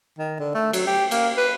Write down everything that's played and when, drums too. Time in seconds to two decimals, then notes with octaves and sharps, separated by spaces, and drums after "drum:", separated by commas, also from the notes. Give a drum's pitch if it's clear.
0.19 D#3
0.40 D3
0.55 A3
0.73 F#3, drum: cymbal
0.87 G4
1.11 A#3, drum: cymbal
1.37 B4